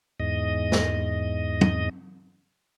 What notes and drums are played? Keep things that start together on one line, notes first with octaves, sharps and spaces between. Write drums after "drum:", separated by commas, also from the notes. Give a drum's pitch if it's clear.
E2 G#2 D#5
drum: snare
drum: tom